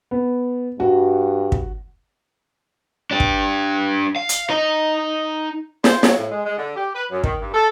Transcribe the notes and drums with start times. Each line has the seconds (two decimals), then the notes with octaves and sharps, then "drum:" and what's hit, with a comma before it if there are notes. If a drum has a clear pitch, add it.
0.11 B3
0.80 G2 F#4
1.52 drum: kick
3.11 D4 G4
3.20 drum: kick
4.16 F5
4.29 drum: hi-hat
4.50 D#4 D#5
5.84 C5, drum: snare
6.03 F#3, drum: snare
6.17 A2
6.31 G#3
6.46 G#3
6.58 D3
6.76 G4
6.95 B4
7.11 F#2
7.24 D#3, drum: kick
7.40 G2
7.54 A4